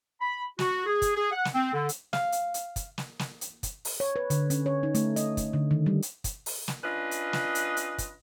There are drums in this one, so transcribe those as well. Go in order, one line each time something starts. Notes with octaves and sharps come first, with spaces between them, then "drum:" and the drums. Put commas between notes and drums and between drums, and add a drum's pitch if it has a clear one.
B5
F#4, drum: snare
G#4
drum: kick, hi-hat
G#4
F#5
drum: snare
C4
D3
drum: hi-hat
F5, drum: snare
drum: hi-hat
drum: hi-hat
drum: kick, hi-hat
drum: snare
drum: snare
drum: hi-hat
drum: kick, hi-hat
drum: open hi-hat
C#5
B4
D3, drum: hi-hat
C#4, drum: hi-hat
C#5
D#4
A3, drum: hi-hat
D#5, drum: hi-hat
drum: kick, hi-hat
D3
D#3
G3
drum: hi-hat
drum: kick, hi-hat
drum: open hi-hat
drum: snare
C#4 D4 F4 B4 D#5
drum: hi-hat
drum: snare
drum: hi-hat
drum: hi-hat
drum: kick, hi-hat